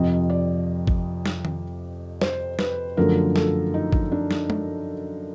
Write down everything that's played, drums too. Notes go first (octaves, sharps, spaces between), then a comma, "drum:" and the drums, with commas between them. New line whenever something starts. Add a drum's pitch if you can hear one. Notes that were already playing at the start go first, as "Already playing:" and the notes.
Already playing: F2 C3 F3 D#5
D5
drum: kick
drum: snare
drum: tom D#3
C5, drum: snare
B4, drum: snare
F#2 D3 F3 A3 A#4
A4, drum: snare
D#4
drum: kick
D4
drum: snare
drum: tom